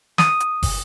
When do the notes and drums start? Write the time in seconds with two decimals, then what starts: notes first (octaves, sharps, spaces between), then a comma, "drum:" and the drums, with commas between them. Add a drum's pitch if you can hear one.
0.18 D#6, drum: snare
0.40 drum: hi-hat
0.63 drum: kick, open hi-hat